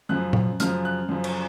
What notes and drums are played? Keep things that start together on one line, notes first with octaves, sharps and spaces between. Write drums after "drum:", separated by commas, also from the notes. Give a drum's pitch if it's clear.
F#2 C#3 F3 F#6
drum: tom A#2
F#2 C#3 F3 F6, drum: hi-hat
F#6
F#2 C#3 F3
drum: cymbal